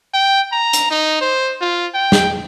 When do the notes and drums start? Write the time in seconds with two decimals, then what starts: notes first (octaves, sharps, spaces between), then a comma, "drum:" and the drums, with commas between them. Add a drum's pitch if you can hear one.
0.13 G5
0.52 A#5
0.73 drum: hi-hat
0.90 D#4
1.21 C5
1.61 F4
1.94 G5
2.12 drum: snare